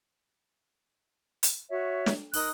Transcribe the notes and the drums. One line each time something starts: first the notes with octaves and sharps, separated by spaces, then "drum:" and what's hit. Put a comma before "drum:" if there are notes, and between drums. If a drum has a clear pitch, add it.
drum: hi-hat
F#4 C#5 E5
drum: snare
D#4 A#4 D#6 F#6, drum: open hi-hat